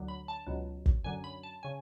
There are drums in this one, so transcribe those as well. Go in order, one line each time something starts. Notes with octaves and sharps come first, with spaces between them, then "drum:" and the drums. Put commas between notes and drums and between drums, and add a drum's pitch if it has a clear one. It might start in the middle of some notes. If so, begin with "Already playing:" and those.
Already playing: D2 D3 F#3
B5
A5
C#2 B2 F#3
drum: kick
F#2 D3 F#3 G#5
B5
A5
C#3 G#5